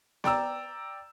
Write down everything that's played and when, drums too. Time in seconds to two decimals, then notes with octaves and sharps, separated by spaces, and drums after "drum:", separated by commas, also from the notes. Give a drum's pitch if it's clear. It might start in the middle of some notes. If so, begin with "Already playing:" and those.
0.24 D5 G5 A#5 E6, drum: snare B3